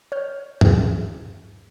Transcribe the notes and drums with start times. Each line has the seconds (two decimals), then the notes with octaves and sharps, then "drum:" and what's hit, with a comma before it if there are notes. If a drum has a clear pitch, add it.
0.12 C#5 F6 G6
0.61 D#2 C3 G#4, drum: tom G2